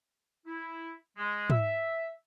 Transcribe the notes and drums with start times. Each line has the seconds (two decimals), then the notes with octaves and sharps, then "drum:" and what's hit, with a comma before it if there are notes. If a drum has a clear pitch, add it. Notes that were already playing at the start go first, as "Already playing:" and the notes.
0.46 E4
1.17 G#3
1.50 E5, drum: tom G#2